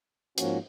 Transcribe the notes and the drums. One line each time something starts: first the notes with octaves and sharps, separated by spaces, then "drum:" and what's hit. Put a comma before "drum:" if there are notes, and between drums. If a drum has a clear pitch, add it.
G#2 F3 A#3 C#4 F#4, drum: hi-hat